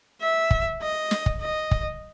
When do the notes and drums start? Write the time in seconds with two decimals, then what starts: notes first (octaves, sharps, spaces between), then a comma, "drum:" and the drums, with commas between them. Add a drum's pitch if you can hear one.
0.21 E5
0.51 drum: kick
0.81 D#5
1.11 drum: snare
1.26 drum: kick
1.41 D#5
1.71 drum: kick